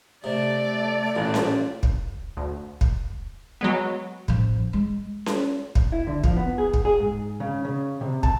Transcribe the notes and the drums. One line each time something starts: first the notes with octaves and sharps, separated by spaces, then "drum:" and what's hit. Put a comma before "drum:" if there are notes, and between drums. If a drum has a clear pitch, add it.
C3 A3 D5
A1 A#2
drum: snare C#4
drum: kick
D2
drum: kick
F#3 G#3 B3
A1 F3, drum: kick
G#3
drum: snare C#4
drum: kick
E4
D3
F3, drum: kick
B3
G#4
drum: kick
G#4
G#2
C#3
C#3
C3
A5, drum: kick